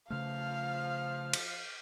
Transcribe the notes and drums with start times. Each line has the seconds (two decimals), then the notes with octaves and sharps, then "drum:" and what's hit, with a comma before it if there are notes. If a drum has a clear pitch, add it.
0.10 C#3 F3 A3 F5 F6
1.33 drum: cymbal